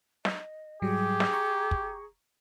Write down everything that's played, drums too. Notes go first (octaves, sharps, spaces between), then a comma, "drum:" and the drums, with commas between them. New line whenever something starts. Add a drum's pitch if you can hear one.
D#5, drum: snare
G#2 F#3 G3 G4 G#4
drum: snare
A#5 C#6
drum: kick